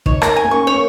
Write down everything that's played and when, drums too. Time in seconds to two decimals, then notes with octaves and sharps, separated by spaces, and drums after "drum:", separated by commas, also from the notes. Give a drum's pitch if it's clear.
0.06 D#4 C#5, drum: kick
0.22 A#4, drum: rim click
0.36 G#5
0.44 A#3
0.51 C#4 C#6
0.67 C#5
0.74 A#3